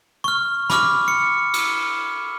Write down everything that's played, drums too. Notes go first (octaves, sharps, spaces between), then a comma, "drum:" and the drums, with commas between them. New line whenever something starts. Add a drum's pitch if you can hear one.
C#6 F6
B5 D6 F6, drum: snare
C#7
drum: cymbal